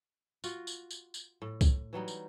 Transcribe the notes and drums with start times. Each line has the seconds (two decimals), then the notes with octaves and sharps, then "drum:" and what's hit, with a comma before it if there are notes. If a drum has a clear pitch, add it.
0.44 F4 F#4, drum: tambourine
0.67 drum: tambourine
0.91 drum: tambourine
1.14 drum: tambourine
1.42 A2
1.61 drum: kick C2, tambourine
1.93 E3 F#3 G3 D#4
2.08 drum: tambourine